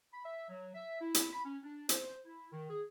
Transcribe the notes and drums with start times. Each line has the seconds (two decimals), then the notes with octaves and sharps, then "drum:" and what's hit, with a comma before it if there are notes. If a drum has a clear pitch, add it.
0.13 B5
0.25 E5
0.49 F#3
0.75 E5
1.01 E4
1.14 drum: hi-hat
1.33 B5
1.45 C#4
1.63 D4
1.89 C5, drum: hi-hat
2.25 E4
2.52 D#3
2.70 G#4